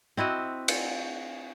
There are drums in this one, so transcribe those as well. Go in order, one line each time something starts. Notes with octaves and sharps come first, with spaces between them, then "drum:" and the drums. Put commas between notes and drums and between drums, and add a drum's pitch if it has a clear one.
C4 E4 F#4 D#5
drum: cymbal